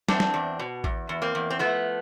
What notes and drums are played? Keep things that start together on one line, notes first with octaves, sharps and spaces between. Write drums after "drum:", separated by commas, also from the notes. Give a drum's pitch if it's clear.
E2 C4 D4, drum: snare
drum: snare
E2
B2
E2, drum: kick A1
E2
A#3 C4
E2
C4
F3 A3 B3